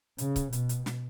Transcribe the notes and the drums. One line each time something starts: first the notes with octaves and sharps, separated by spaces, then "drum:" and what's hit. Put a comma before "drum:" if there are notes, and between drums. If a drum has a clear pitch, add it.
C#3, drum: hi-hat
drum: kick C#1, hi-hat
B2, drum: hi-hat
drum: hi-hat
drum: snare